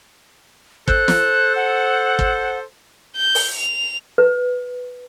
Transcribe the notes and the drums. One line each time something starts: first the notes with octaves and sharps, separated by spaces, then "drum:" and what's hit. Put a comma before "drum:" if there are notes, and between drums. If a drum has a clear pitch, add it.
A4 C5 F#6, drum: kick
drum: snare
F#5
drum: kick
G6
drum: open hi-hat
F7
B4